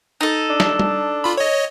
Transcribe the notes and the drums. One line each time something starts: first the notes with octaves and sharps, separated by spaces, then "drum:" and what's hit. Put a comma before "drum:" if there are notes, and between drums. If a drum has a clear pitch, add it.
D#4 A4
D4
drum: snare
drum: tom
F4 B5
C#5 D#5